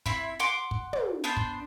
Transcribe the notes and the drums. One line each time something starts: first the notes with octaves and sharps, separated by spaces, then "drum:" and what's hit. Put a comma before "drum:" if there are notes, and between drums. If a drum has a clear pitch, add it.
C4 E4 B5, drum: kick
F#5 C6 D6
drum: kick
drum: tom
B3 D4 C5
drum: kick